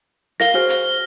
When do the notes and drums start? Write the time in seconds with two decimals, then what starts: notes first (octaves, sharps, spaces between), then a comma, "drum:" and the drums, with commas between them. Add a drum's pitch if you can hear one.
0.40 A#4 F5 A#6 G7, drum: hi-hat
0.54 F#4 G#4 C5 F6 G7
0.69 drum: hi-hat